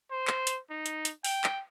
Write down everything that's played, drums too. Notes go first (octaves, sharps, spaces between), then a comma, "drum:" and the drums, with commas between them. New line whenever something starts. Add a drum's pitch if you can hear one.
C5
drum: clap
drum: hi-hat
D#4
drum: hi-hat
drum: hi-hat
G5, drum: open hi-hat
drum: clap